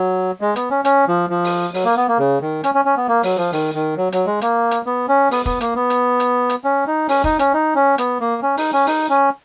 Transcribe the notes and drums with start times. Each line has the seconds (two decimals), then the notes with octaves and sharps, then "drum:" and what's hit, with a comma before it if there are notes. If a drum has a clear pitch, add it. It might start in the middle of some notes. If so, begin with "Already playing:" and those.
Already playing: F#3
0.41 G#3
0.56 B3, drum: hi-hat
0.70 C#4
0.85 C#4, drum: hi-hat
1.08 F3
1.30 F3
1.44 drum: open hi-hat
1.74 F#3, drum: open hi-hat
1.85 A#3
1.97 B3
2.08 A#3
2.19 C#3
2.41 D#3
2.64 C#4, drum: hi-hat
2.74 C#4
2.85 C#4
2.97 B3
3.08 A#3
3.23 F#3, drum: open hi-hat
3.38 F3
3.52 D#3, drum: open hi-hat
3.75 D#3
3.97 F#3
4.12 F#3, drum: hi-hat
4.26 G#3
4.41 A#3, drum: hi-hat
4.71 drum: hi-hat
4.86 B3
5.08 C#4
5.31 B3, drum: open hi-hat
5.46 B3, drum: kick
5.61 A#3, drum: hi-hat
5.75 B3
5.90 drum: hi-hat
6.20 drum: hi-hat
6.49 drum: hi-hat
6.64 C#4
6.87 D#4
7.09 C#4, drum: open hi-hat
7.24 D#4, drum: kick
7.39 C#4, drum: hi-hat
7.54 D#4
7.75 C#4
7.98 B3, drum: hi-hat
8.20 A#3
8.42 C#4
8.57 D#4, drum: open hi-hat
8.73 C#4
8.87 D#4, drum: open hi-hat
9.09 C#4